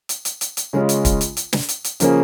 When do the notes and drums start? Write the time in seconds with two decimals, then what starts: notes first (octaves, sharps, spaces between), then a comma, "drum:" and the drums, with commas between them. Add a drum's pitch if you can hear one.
0.09 drum: hi-hat
0.25 drum: hi-hat
0.41 drum: hi-hat
0.57 drum: hi-hat
0.73 C#3 G#3 C#4 F4
0.89 drum: hi-hat
1.05 drum: kick, hi-hat
1.21 drum: hi-hat
1.37 drum: hi-hat
1.53 drum: snare
1.69 drum: hi-hat
1.84 drum: hi-hat
2.00 C#3 F3 A#3 C#4 G#4, drum: hi-hat